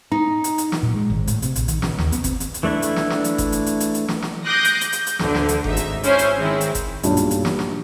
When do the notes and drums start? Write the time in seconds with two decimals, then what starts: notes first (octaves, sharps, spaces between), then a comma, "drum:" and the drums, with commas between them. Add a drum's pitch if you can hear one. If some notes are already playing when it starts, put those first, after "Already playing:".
0.12 D#4
0.44 drum: hi-hat
0.58 drum: hi-hat
0.72 drum: snare
0.83 A#2
0.95 G#3
1.10 G#1
1.27 A2, drum: hi-hat
1.42 C3, drum: hi-hat
1.56 A#1, drum: hi-hat
1.68 D#3, drum: hi-hat
1.82 C#3, drum: snare
1.98 D#2, drum: snare
2.12 B3, drum: hi-hat
2.24 C4, drum: kick F#1, hi-hat
2.40 drum: hi-hat
2.54 drum: hi-hat
2.63 E3 A3 D4 E4
2.82 drum: hi-hat
2.96 drum: snare
3.10 drum: snare
3.24 drum: hi-hat
3.38 drum: kick F#1, hi-hat
3.52 drum: hi-hat
3.66 drum: hi-hat
3.80 drum: hi-hat
3.94 drum: hi-hat
4.08 drum: snare
4.22 drum: snare
4.45 D6 D#6 F#6 G6 A#6 C7
4.64 drum: hi-hat
4.81 G6, drum: hi-hat
4.92 drum: hi-hat
5.06 drum: hi-hat
5.19 D2 A2 D3 A3, drum: snare
5.35 drum: snare
5.49 drum: hi-hat
5.64 G#1 D#4 E5, drum: kick F#1
5.77 drum: hi-hat
6.03 C#4 E4 C5 C#5 G#5, drum: hi-hat
6.19 drum: hi-hat
6.38 D#3 G#3 C4 E4
6.61 drum: hi-hat
6.75 drum: kick F#1, hi-hat
7.03 B1 G2 A#2, drum: hi-hat
7.17 drum: hi-hat
7.31 drum: hi-hat
7.45 drum: snare
7.59 drum: snare